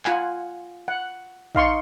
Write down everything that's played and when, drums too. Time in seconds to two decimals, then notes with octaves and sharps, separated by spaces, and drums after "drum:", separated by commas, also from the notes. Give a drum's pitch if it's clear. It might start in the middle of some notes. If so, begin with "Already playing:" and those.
0.05 F4 F#5 G#5, drum: clap
0.88 F#5
1.55 D#4 F5 C6 C#6, drum: kick